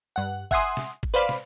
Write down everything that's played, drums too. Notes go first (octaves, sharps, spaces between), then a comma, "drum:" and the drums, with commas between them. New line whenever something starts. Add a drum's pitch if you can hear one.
G2 F#5
E5 F#5 G#5 C6 D#6, drum: kick G1
drum: snare
drum: kick G1
B4 C5 D5 F5 B5
drum: snare